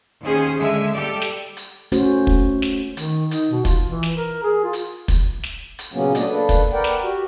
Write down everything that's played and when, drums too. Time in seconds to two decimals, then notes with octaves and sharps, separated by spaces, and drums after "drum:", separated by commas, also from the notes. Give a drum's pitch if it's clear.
0.21 D#2 D#3 C#4 G#4 C5
0.57 D3 G#3 E5
0.95 G3 G4 A4 D5
1.22 drum: snare
1.57 drum: hi-hat
1.92 A3 C#4 F#4 C5, drum: hi-hat
2.27 drum: kick
2.62 drum: snare
2.97 D#3, drum: hi-hat
3.31 D#4, drum: hi-hat
3.51 B2
3.65 F4, drum: kick, hi-hat
3.87 E3
4.03 drum: snare
4.16 A#4
4.43 G#4
4.64 F4
4.73 drum: hi-hat
5.08 drum: kick, hi-hat
5.43 drum: snare
5.79 drum: hi-hat
5.93 A#2 C#3 F#3 A#3 B3 C#4
6.15 F#3 A3 B3 D4 D5 D#5, drum: hi-hat
6.30 A#3 D4 A4 B4
6.49 drum: kick, hi-hat
6.73 A#4 B4 D5 F#5 G5
6.84 drum: snare
7.03 F#4 G4